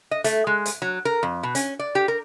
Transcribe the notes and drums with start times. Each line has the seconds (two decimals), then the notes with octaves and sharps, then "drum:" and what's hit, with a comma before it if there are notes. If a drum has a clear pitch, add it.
0.11 D#5
0.24 A3, drum: hi-hat
0.47 G#3
0.66 drum: hi-hat
0.82 F#3
1.05 A#4
1.23 F2
1.43 B2
1.55 C#4, drum: hi-hat
1.79 D5
1.95 G4
2.08 A#4